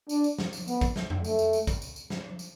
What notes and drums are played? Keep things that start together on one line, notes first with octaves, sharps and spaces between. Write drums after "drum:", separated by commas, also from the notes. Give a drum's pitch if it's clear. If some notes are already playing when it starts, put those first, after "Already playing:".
D4, drum: tambourine
drum: tambourine
drum: snare
drum: tambourine
B3, drum: tambourine
drum: kick, tambourine
drum: snare
drum: tom F2
A3, drum: tambourine
drum: tambourine
drum: tambourine
drum: kick, tambourine
drum: tambourine
drum: tambourine
drum: snare
drum: tambourine